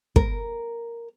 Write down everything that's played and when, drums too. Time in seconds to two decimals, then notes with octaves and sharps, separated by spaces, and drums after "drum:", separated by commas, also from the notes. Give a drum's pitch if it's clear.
0.16 A#4, drum: kick